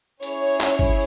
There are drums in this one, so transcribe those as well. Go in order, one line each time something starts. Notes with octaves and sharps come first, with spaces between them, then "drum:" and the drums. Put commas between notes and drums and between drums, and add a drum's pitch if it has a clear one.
C#4 E4 G#4 C#5, drum: hi-hat
drum: clap
drum: kick